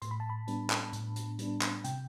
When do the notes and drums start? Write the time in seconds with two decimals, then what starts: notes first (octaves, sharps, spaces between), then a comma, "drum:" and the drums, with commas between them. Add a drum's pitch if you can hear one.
0.02 A2 C6, drum: hi-hat
0.11 B5
0.20 A5
0.30 B5
0.48 G3 B3 D4, drum: hi-hat
0.70 drum: clap
0.93 A2, drum: hi-hat
1.16 drum: hi-hat
1.39 G3 B3 D4, drum: hi-hat
1.62 drum: clap
1.84 C3 G5, drum: hi-hat